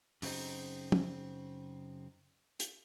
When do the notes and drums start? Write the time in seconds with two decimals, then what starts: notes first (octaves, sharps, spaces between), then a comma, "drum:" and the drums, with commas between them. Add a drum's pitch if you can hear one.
0.22 F#2 C#3 A3 C4 D#4, drum: open hi-hat
0.92 drum: tom
2.60 drum: hi-hat